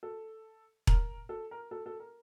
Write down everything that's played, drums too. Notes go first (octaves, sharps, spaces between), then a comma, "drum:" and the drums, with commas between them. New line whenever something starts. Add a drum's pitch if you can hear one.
A4
A#4, drum: kick E1
A4
A#4
A4
A4
A#4